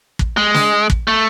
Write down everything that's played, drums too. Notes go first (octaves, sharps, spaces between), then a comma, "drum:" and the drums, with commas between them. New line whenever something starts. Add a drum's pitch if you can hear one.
drum: kick
G#3
drum: snare
drum: kick
A3